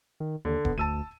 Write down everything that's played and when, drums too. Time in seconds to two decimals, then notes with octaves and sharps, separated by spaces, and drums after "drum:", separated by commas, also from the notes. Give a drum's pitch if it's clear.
0.20 D#3
0.45 D#2 D3
0.65 B3, drum: kick E1
0.78 D2 A5 E6 D#7